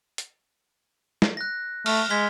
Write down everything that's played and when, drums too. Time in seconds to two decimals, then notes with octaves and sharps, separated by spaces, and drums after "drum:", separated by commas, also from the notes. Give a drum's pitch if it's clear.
0.18 drum: hi-hat
1.22 drum: snare
1.37 F#6 A#6
1.86 A3 F6, drum: cymbal
2.10 G#3 G#6 B6 G7